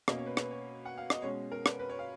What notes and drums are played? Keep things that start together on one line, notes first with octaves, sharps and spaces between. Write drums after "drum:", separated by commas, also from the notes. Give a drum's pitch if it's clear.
B2 A#3 C#4 D#5, drum: rim click
C#5
B4
B4, drum: rim click
C#5
F#5
F5
D#5, drum: rim click
B2 G#3 C#4 C#5
A#4
B4, drum: rim click
B4
C#5
F5